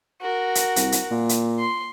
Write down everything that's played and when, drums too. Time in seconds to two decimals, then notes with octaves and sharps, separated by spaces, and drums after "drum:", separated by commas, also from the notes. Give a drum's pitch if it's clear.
0.22 F#4 A#4
0.55 drum: hi-hat
0.76 C2, drum: hi-hat
0.92 drum: hi-hat
1.11 A#2
1.29 drum: hi-hat
1.60 C6